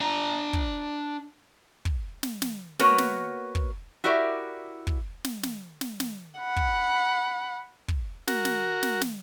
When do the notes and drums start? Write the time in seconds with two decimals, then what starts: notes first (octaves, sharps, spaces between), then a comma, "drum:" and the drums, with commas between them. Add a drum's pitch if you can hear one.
0.01 D4 A#5
0.53 drum: kick
1.85 drum: kick
2.23 drum: snare
2.42 drum: snare
2.79 A#3 B3 F#4 A#4 B4 C#5, drum: snare
2.98 drum: snare
3.55 drum: kick
4.04 E4 F#4 G4 A#4 D5
4.87 drum: kick
5.24 drum: snare
5.43 drum: snare
5.81 drum: snare
6.00 drum: snare
6.40 F#5 B5
6.56 drum: kick
7.88 drum: kick
8.28 F#4 A#4, drum: snare
8.45 drum: snare
8.83 drum: snare
9.01 drum: snare